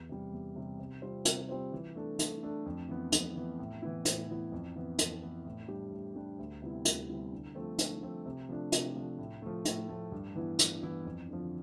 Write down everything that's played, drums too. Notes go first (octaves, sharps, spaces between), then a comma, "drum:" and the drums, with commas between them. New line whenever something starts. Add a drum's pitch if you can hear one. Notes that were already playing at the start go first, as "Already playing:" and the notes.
Already playing: E2
C3 G3
E2
C3 G3
C3
G3 C4 F4 C5
C3, drum: hi-hat
G3 C4 F4 C5
E3
A3 D4 A4
E3, drum: hi-hat
A3 D4 A4
F2
E3 B3
F2, drum: hi-hat
E3 B3
A2
E3 B3 E4
A2, drum: hi-hat
E3 B3 E4
F2
E3 B3
F2, drum: hi-hat
E3 B3
A2
G3 D4 G4
A2
G3 D4 G4
D2
C3 G3 B3 E4
D2, drum: hi-hat
C3 G3 B3 E4
D3
F3 A3 C4
D3, drum: hi-hat
F3 A3 C4
C3
F3 A3 D4
C3, drum: hi-hat
F3 A3 D4
A2
F3 A3
A2, drum: hi-hat
F3 A3
G2
E3 B3 E4
G2, drum: hi-hat
E3 B3 E4
F2
D3 F3